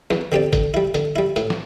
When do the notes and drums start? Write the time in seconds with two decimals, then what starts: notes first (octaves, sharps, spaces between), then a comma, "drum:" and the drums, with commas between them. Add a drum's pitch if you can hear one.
0.10 E2, drum: snare
0.32 D3 C4 G4 D5
0.53 D3, drum: kick, hi-hat
0.74 G3 E4
0.94 D3, drum: hi-hat
1.16 G3 E4
1.36 A2, drum: hi-hat
1.50 drum: snare